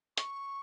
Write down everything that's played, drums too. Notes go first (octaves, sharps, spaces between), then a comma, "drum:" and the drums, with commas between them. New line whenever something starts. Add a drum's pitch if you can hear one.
C#6, drum: hi-hat